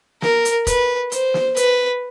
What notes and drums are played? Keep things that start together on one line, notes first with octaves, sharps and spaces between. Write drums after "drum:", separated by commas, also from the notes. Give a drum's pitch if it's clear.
A#4, drum: snare
drum: hi-hat
B4, drum: kick F1, hi-hat
C5, drum: hi-hat
drum: snare
B4, drum: hi-hat